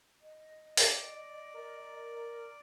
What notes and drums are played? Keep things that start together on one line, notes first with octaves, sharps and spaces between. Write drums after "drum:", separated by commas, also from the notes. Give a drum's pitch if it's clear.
D#5
D5, drum: open hi-hat
A#4